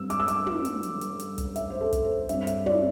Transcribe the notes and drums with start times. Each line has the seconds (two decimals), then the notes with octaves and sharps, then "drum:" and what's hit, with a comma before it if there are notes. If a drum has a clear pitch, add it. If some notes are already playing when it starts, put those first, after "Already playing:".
Already playing: G2 G3 C4 E6
0.10 D6, drum: hi-hat
0.20 E6
0.28 D6, drum: hi-hat
0.47 drum: tom
0.65 drum: hi-hat
0.83 drum: hi-hat
1.01 drum: hi-hat
1.20 drum: hi-hat
1.38 drum: kick, hi-hat
1.56 E5, drum: hi-hat
1.70 C5
1.81 A4
1.93 drum: kick, hi-hat
2.05 C5
2.29 G2 G3 C4 E5, drum: hi-hat
2.47 E5, drum: hi-hat
2.66 D5, drum: tom